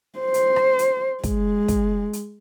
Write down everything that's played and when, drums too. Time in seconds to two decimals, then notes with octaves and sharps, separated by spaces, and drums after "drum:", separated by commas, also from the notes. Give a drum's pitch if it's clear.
0.19 C5
0.34 drum: hi-hat
0.56 drum: rim click
0.79 drum: hi-hat
1.24 G#3, drum: kick, hi-hat
1.68 drum: kick, hi-hat
2.13 drum: hi-hat